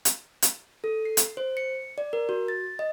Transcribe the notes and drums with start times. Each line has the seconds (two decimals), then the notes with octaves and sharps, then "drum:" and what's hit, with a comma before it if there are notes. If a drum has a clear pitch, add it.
0.05 drum: hi-hat
0.42 drum: hi-hat
0.84 A4
1.05 C7
1.17 drum: hi-hat
1.37 C5
1.57 C#7
1.98 D5
2.13 A#4
2.29 F#4
2.48 A6
2.79 D#5